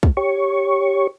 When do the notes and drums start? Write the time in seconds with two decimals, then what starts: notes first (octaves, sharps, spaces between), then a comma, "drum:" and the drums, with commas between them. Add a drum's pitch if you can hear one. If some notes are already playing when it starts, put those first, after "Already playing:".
0.03 drum: kick
0.17 G4 C#5 C#6